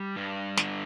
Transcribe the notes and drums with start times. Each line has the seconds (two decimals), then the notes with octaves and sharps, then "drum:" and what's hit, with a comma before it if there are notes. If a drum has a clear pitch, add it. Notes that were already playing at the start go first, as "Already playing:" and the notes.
Already playing: G3
0.16 G2
0.57 D3, drum: snare